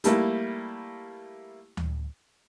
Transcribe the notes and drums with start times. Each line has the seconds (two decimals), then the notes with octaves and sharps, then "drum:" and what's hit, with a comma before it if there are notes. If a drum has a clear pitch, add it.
0.04 G3 A3 A#3 E4, drum: hi-hat
1.77 drum: tom D2